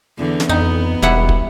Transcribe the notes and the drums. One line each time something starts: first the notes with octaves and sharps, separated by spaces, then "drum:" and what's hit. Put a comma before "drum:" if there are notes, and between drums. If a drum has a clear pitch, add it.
E2 D3
drum: snare
F2 B3 D#4
E1 G3 E4 F#5
drum: kick